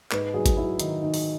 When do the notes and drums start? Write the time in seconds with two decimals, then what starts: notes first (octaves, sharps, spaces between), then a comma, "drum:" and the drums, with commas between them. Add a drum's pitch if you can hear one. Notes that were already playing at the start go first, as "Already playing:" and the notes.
0.11 G#2 B4, drum: clap
0.34 F#3 G#4
0.46 drum: kick G#1, hi-hat
0.57 F#3 E4
0.79 D#3 D#4, drum: hi-hat
1.02 D#3
1.14 drum: open hi-hat